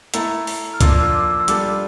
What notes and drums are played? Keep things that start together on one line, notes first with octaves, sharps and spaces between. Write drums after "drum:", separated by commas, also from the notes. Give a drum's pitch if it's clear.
A3 E4 A4 A#5, drum: hi-hat
drum: open hi-hat
F6
F3 A#3 D4 F4 E6, drum: kick C2, hi-hat
E6
D6
E6
D6
E6
G3 D4 F4 A4 D6, drum: hi-hat